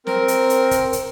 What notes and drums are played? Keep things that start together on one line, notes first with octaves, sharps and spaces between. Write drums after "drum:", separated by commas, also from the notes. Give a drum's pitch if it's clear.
C4 A#4, drum: snare
drum: hi-hat
drum: hi-hat
drum: kick, hi-hat
drum: hi-hat